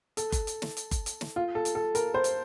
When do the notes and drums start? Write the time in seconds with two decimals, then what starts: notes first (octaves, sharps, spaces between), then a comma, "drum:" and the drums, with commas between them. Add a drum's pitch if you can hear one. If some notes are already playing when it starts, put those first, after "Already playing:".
0.17 A4, drum: hi-hat
0.32 drum: kick F#1, hi-hat
0.47 drum: hi-hat
0.62 drum: snare
0.77 drum: hi-hat
0.91 drum: kick F#1, hi-hat
1.06 drum: hi-hat
1.21 drum: snare
1.36 F4
1.55 A4
1.65 drum: hi-hat
1.75 A4
1.95 A#4, drum: hi-hat
2.14 C5
2.24 drum: hi-hat